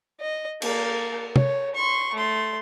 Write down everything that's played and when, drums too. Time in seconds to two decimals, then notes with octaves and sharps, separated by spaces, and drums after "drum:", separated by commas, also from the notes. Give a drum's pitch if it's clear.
0.20 D#5
0.62 A#3 A4, drum: cymbal
1.36 C#5, drum: tom
1.75 C6 C#6
2.14 A3 C6